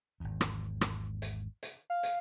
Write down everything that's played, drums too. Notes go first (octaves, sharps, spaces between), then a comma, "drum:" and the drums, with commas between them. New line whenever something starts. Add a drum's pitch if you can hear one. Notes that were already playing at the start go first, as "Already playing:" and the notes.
G#1 E2
drum: rim click
drum: rim click
drum: hi-hat
drum: hi-hat
F5
drum: hi-hat